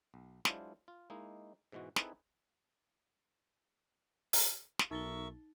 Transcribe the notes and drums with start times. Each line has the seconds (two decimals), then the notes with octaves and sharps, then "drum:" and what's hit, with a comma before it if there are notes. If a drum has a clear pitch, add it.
0.14 B1
0.45 F#3 G#3 D4 E4 F4 C5, drum: snare
0.88 F4
1.10 G#3 A#3 D#4 E4
1.72 G#2 B2 E3 G#3 F#4
1.96 C4 D#4 E4 G#4 A4 B4, drum: snare
4.33 drum: open hi-hat
4.79 drum: snare
4.91 B1 D#4 A#4 E5 C#6 E6 A6 G7